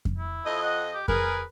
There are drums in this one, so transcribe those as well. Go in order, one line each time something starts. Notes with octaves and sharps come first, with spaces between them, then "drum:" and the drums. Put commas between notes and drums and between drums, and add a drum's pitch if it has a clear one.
drum: kick F2
E4
F2 D#5
F#5
G4
G#4 A#4 B4, drum: kick F2